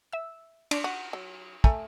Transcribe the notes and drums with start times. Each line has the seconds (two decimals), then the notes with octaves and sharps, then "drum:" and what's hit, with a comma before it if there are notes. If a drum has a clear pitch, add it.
0.13 E5 E6
0.71 D4 C6 D6, drum: cymbal
0.84 F#4 D#7
1.13 F#3
1.64 A3 G#5 A#5, drum: kick